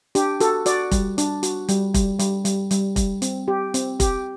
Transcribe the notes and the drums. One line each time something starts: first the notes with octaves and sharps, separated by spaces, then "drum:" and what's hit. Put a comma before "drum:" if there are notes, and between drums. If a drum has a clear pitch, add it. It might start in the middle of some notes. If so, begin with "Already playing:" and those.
D4 G4, drum: hi-hat
F#4 A4, drum: hi-hat
F#4 D5, drum: hi-hat
G3, drum: kick F1, hi-hat
D4, drum: hi-hat
F#4, drum: hi-hat
G3, drum: hi-hat
G3, drum: kick F1, hi-hat
G3, drum: hi-hat
G3, drum: hi-hat
G3, drum: hi-hat
G3, drum: kick F1, hi-hat
C4, drum: hi-hat
G4
C4, drum: hi-hat
G4, drum: kick F1, hi-hat